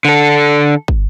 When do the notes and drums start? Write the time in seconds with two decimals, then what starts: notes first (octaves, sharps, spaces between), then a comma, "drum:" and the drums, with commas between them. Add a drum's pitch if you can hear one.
0.05 D3 A4
0.88 drum: kick